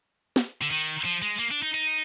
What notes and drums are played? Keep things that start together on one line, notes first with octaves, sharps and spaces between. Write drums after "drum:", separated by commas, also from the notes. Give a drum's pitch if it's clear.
drum: snare
D3
D#3, drum: cymbal
F3, drum: cymbal
G#3
A#3, drum: cymbal
D4
D#4
D#4, drum: cymbal